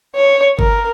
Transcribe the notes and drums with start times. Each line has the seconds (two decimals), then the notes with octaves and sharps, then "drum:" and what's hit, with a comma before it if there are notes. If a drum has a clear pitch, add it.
0.16 C#5
0.59 A#4, drum: kick G1